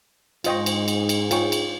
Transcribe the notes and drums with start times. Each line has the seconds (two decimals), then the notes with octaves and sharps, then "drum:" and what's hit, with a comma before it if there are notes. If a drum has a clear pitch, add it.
0.44 G#2 F4 C5 D#5 G5 C#6, drum: cymbal
0.66 drum: cymbal
0.88 drum: cymbal
1.09 drum: cymbal
1.31 F4 G#4 C#5 G5 C#6, drum: cymbal
1.52 drum: cymbal